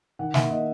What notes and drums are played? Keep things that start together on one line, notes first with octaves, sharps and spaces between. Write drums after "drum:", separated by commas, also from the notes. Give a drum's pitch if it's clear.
D#3 F#5
A#3 E5, drum: snare
A#3 D#5